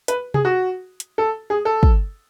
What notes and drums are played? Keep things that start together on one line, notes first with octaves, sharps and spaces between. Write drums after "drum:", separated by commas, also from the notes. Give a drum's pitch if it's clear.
B4, drum: hi-hat
G#4, drum: tom C3
F#4
drum: hi-hat
A4
G#4
A4
drum: kick